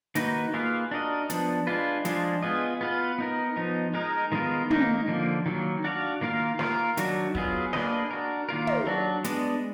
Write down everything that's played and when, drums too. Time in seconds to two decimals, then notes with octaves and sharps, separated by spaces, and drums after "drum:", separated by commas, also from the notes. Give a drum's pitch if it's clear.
0.15 D#3 A#3 D#4 F#4 B4, drum: hi-hat
0.54 A#3 F4 G#4 B4 F5
0.91 D4 F#4 A#4 D#5
1.30 F3 B3 D4, drum: hi-hat
1.67 G#3 D4 F4 B4
2.05 F3 G#3 D4 F4 G#4, drum: hi-hat
2.43 B3 F4 G#4 D#5
2.81 B3 F4 B4
3.18 B3 D#4 A#4
3.56 F3 B3 D#4
3.94 G#3 D#4 A#4
4.32 D#3 G#3 B3 F4 A#4
4.70 D#3 A#3 D#4, drum: tom
5.07 D3 F3 A#3
5.46 D#3 F#3 A#3
5.84 D4 F#4 D5 F5
6.21 D#3 A#3 F4 A#4 F5
6.59 A#3 F4 A#4, drum: snare
6.97 D#3 F#3 D4 F#4, drum: hi-hat
7.35 F#3 B3 F4 G#4, drum: kick
7.73 A#3 D4 G#4 B4 D#5, drum: snare
8.11 D4 F#4 A#4
8.49 D#3 A#3 F4 A#4
8.67 drum: tom
8.86 F#3 D4 F#4
9.24 G#3 B3 D4, drum: hi-hat